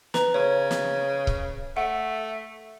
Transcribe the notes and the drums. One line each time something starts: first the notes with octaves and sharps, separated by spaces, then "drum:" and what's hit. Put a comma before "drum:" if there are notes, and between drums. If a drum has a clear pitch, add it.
B4 A#5, drum: snare
C#3 C#5
drum: snare
drum: kick C#1
A3 F#5